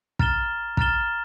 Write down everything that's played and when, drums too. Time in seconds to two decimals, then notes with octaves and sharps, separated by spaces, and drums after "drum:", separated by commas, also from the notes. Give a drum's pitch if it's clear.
0.19 A#5 F6 A6 E7 G7, drum: kick
0.77 A#5 F6 A6 E7 G7, drum: kick